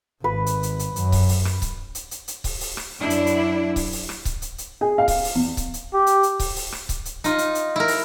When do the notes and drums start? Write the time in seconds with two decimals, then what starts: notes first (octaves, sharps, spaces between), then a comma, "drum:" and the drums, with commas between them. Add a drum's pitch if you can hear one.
0.24 G#1 B4
0.46 drum: hi-hat
0.63 drum: hi-hat
0.79 drum: hi-hat
0.96 F#2, drum: hi-hat
1.12 drum: kick C#1, open hi-hat
1.29 drum: open hi-hat
1.45 drum: rim click
1.62 drum: kick C#1, hi-hat
1.95 drum: hi-hat
2.11 drum: hi-hat
2.28 drum: hi-hat
2.44 drum: kick C#1, open hi-hat
2.61 drum: open hi-hat
2.77 drum: rim click
2.98 F#2 D4 E4
3.10 drum: hi-hat
3.27 drum: hi-hat
3.76 drum: kick C#1, open hi-hat
3.92 drum: open hi-hat
4.09 drum: rim click
4.25 drum: kick C#1, hi-hat
4.42 drum: hi-hat
4.58 drum: hi-hat
4.81 G#4
4.98 F5
5.08 drum: kick C#1, open hi-hat
5.24 drum: open hi-hat
5.35 E2
5.57 drum: kick C#1, hi-hat
5.74 drum: hi-hat
5.94 G4
6.07 drum: hi-hat
6.23 drum: hi-hat
6.40 drum: kick C#1, open hi-hat
6.56 drum: open hi-hat
6.72 drum: rim click
6.89 drum: kick C#1, hi-hat
7.05 drum: hi-hat
7.24 D#4 F4, drum: hi-hat
7.38 drum: hi-hat
7.55 drum: hi-hat
7.76 E4 A#4
7.88 drum: open hi-hat